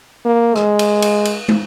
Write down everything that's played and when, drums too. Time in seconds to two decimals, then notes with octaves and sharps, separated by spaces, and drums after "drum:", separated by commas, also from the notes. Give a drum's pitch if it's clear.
0.25 A#3
0.56 G#3, drum: rim click
0.79 drum: cymbal
1.02 drum: cymbal
1.25 drum: cymbal
1.48 drum: tom